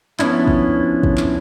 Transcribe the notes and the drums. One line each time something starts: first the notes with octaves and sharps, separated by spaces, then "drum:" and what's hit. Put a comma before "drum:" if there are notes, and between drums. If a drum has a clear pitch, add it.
F3 B3 C#4 D4 E4, drum: clap
drum: kick
drum: kick
drum: clap